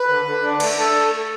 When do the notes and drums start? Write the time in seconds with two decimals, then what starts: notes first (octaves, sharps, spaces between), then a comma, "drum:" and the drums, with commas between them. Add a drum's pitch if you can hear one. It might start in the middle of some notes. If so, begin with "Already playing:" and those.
Already playing: B4
0.09 D3
0.25 D3
0.43 D4
0.60 A3, drum: cymbal
0.77 A3 A4